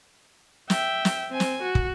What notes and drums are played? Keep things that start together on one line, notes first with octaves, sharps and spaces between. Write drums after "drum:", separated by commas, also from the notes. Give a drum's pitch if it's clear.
E5 G5, drum: snare
drum: snare
C4 G#5
drum: snare
F#4
drum: kick